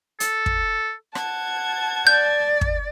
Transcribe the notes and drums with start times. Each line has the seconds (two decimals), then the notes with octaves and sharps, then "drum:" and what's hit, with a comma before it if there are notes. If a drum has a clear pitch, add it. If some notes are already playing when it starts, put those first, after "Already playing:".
0.20 A4, drum: hi-hat
0.46 drum: kick
1.15 F#5 A5 G#6, drum: rim click
2.07 D5 G6
2.61 drum: kick